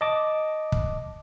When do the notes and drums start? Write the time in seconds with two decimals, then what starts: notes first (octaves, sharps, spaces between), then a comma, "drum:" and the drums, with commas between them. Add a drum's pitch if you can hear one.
0.01 D#5 A5 D6
0.72 drum: kick